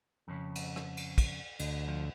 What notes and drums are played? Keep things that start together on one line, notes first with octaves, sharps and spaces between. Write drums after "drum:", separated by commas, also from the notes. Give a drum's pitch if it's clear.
F2 C#3
drum: cymbal
drum: rim click
drum: cymbal
drum: kick, cymbal
D2, drum: cymbal
F3